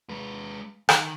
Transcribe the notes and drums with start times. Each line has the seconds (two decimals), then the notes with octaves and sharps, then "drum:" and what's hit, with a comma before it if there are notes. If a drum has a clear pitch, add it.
0.09 G#3 B4
0.89 D#3, drum: rim click